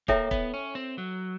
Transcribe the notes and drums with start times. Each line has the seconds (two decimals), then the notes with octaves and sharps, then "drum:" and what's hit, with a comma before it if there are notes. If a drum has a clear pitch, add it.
0.08 A#3 E4 A4 C#5 E5 G5, drum: kick
0.31 B3, drum: kick
0.54 C#4
0.75 C4
0.98 F#3